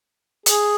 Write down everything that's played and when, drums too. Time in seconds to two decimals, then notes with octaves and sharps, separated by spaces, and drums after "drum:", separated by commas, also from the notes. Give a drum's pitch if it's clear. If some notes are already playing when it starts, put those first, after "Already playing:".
0.46 G#4, drum: hi-hat